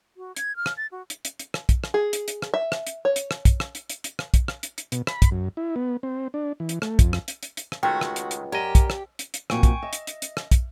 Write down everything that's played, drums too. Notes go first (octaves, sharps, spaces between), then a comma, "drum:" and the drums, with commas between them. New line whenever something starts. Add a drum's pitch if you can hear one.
F#4
G#6, drum: hi-hat
F6
drum: rim click
A6
F#4
drum: hi-hat
drum: hi-hat
drum: hi-hat
drum: rim click
drum: kick, hi-hat
drum: rim click
G#4
drum: hi-hat
drum: hi-hat
drum: rim click
E5
drum: rim click
drum: hi-hat
C#5
drum: hi-hat
drum: rim click
drum: kick, hi-hat
drum: rim click
drum: hi-hat
drum: hi-hat
drum: hi-hat
drum: rim click
drum: kick, hi-hat
drum: rim click
drum: hi-hat
drum: hi-hat
B2, drum: hi-hat
B5, drum: rim click
drum: kick, hi-hat
F#2
E4
B3
C4
D4
E3
drum: hi-hat
A3, drum: rim click
F2, drum: kick, hi-hat
drum: rim click
drum: hi-hat
drum: hi-hat
drum: hi-hat
drum: rim click
C#2 D#3 G#3 A3 F#4 G5
drum: rim click
drum: hi-hat
drum: hi-hat
F#2 G4 A#4 D5 D#5
drum: kick, hi-hat
drum: rim click
drum: hi-hat
drum: hi-hat
F2 A#2 F#4 G5 G#5 C#6, drum: rim click
drum: kick, hi-hat
D#5 E5
drum: hi-hat
drum: hi-hat
drum: hi-hat
drum: rim click
drum: kick, hi-hat